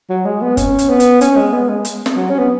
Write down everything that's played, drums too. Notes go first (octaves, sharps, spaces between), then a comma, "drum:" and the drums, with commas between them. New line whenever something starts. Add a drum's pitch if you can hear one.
F#3
G#3
B3
C#4, drum: kick, hi-hat
drum: hi-hat
B3
drum: hi-hat
C#4, drum: hi-hat
G#3
B3
G#3
drum: hi-hat
drum: snare
F#3
C#4
B3